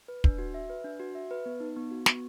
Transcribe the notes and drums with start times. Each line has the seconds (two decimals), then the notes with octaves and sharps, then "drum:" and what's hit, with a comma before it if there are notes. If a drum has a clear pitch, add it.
0.08 B4
0.24 D4, drum: kick
0.38 F#4
0.54 E5
0.70 B4
0.84 D4
1.00 F#4
1.15 E5
1.31 B4
1.46 B3
1.60 D#4
1.76 B3
1.91 F#4
2.06 B3, drum: snare